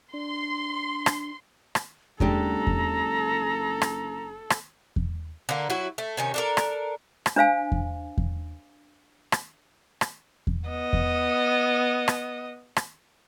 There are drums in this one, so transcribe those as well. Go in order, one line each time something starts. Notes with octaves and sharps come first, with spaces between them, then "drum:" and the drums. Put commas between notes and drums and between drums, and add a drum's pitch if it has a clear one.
D4 C6
drum: rim click
drum: rim click
F#1 G#3 D4 G4 A4 A#5, drum: kick E2
drum: kick E2
drum: rim click
drum: rim click
drum: kick E2
D3 A#3
F#3 E4 F#4
A3
C3 D#3 C#4
D4 A4 A#4
drum: rim click
drum: rim click
D4 C5 F5 G#5
drum: kick E2
drum: kick E2
drum: rim click
drum: rim click
drum: kick E2
B3 D#5
drum: kick E2
drum: rim click
drum: rim click